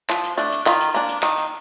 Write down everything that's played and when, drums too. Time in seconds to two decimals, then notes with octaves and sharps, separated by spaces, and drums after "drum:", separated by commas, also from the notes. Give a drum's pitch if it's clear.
0.10 F3, drum: clap
0.24 drum: hi-hat
0.38 A3 D4, drum: hi-hat
0.52 drum: hi-hat
0.66 D#3 F4, drum: clap
0.81 drum: hi-hat
0.94 A#3 D4, drum: hi-hat
1.09 drum: hi-hat
1.23 D#3, drum: clap
1.37 drum: hi-hat